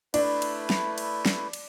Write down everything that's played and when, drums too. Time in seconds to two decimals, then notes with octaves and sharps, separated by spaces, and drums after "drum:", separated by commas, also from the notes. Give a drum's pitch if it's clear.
0.14 A3 D4 E4 B4, drum: cymbal
0.42 drum: cymbal
0.70 drum: snare
0.98 drum: cymbal
1.26 drum: snare
1.53 drum: cymbal